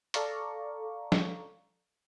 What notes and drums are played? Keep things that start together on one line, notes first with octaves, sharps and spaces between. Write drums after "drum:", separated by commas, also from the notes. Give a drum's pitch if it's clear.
A4 D5 F5 A#5 C#6, drum: hi-hat
drum: snare